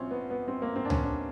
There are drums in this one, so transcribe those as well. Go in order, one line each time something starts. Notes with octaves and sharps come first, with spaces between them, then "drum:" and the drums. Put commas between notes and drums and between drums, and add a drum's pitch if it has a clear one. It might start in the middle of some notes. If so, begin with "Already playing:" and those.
Already playing: A#1 F3 C4 C#4
B3
B3
C4
A#3
C4
D4
C#4, drum: tom C#2
D4